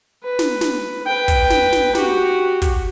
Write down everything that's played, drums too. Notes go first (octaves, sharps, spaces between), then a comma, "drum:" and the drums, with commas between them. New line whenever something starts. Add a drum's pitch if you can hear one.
B4
drum: snare
drum: snare
B4 G5
drum: kick, hi-hat
drum: snare
drum: snare
F#4 G4, drum: snare
drum: kick, hi-hat